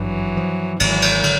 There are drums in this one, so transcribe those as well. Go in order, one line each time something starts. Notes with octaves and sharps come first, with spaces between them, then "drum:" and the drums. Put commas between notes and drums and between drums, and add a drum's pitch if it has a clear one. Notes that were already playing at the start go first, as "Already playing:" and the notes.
Already playing: G#1 G2 E3 F#3
F3
G#1 E3 F#3, drum: cymbal
drum: cymbal
D3, drum: cymbal